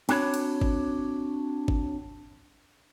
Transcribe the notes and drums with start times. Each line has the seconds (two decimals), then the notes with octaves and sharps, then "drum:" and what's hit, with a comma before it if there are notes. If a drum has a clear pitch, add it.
0.09 C4 D4 F#4 C#5 B5, drum: cymbal
0.34 drum: cymbal
0.61 drum: kick
1.68 drum: kick